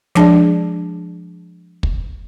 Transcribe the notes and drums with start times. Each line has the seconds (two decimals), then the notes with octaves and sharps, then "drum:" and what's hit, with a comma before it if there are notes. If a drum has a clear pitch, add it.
0.15 F3 G#3 D4 G#4 D5, drum: snare
1.83 drum: kick